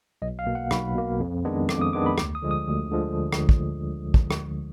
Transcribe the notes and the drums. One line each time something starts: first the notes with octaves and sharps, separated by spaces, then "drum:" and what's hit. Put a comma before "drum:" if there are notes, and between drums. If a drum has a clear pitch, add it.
B1 D#5
F5
B2 A#3
F#5
B1 B5, drum: rim click
B2 A#3
F2
D#3 G#3 B3 D4
F2 D6, drum: rim click
D#6
D#3 G#3 B3 D4 D6
B5
D2 D6, drum: rim click
D#6
D3 F3 G#3
D#6
D2
D3 F3 G#3
drum: rim click
drum: kick
drum: kick
drum: rim click